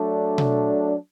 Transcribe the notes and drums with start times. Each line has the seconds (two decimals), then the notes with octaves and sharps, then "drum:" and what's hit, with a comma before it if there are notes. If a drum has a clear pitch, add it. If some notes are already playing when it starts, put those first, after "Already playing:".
Already playing: F#3 A3 D4
0.38 drum: tom B2